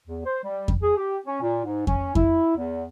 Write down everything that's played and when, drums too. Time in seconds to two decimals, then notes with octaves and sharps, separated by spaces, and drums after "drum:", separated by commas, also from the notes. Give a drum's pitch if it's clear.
0.08 E2
0.26 C5
0.44 G3
0.68 drum: kick F2
0.83 G#4
0.97 G4
1.27 C#4
1.42 A#2
1.65 G#2
1.87 C#4, drum: kick F2
2.15 E4, drum: kick F2
2.57 E2